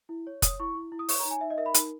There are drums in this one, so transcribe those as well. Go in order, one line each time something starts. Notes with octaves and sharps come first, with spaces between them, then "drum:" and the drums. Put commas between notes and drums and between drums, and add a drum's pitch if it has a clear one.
E4
C#5
C#5 D#6, drum: kick F1, hi-hat
E4 C#6
E4
E4
D#6
C#5 C#6, drum: open hi-hat
A#5
D#4
G#5
D#4 E5
D#5
A#4 E5
B5
D#4, drum: hi-hat